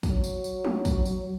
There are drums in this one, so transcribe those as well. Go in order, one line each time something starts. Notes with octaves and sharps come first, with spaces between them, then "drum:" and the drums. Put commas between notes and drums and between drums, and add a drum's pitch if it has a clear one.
F#3, drum: kick, tambourine
drum: tambourine
drum: tambourine
drum: tom G#3
drum: kick, tambourine
drum: tambourine